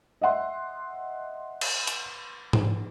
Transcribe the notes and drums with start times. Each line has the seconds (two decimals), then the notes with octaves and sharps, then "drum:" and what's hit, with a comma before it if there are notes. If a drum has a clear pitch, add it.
0.21 D#5 E5 F#5 C6
1.61 drum: cymbal
1.87 drum: hi-hat
2.53 drum: tom G#2